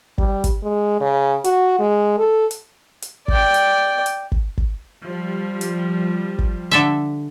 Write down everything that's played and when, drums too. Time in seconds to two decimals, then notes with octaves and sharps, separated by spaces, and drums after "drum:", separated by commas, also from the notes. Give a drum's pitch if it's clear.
0.18 G3, drum: kick
0.44 drum: kick, hi-hat
0.63 G#3
1.01 C#3
1.44 F#4, drum: hi-hat
1.79 G#3
2.18 A4
2.51 drum: hi-hat
3.02 drum: hi-hat
3.28 D5 G5, drum: kick
3.54 drum: hi-hat
4.06 drum: hi-hat
4.32 drum: kick
4.58 drum: kick
5.04 F3 G3
5.61 drum: hi-hat
6.39 drum: kick
6.71 D3 A4 E5